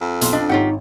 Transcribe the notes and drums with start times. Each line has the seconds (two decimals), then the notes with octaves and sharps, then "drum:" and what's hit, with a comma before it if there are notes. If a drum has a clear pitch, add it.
0.01 F2
0.21 B1 C6, drum: hi-hat
0.33 D4 D#5
0.49 G#1 D#4 F4 G4 C#5 F#5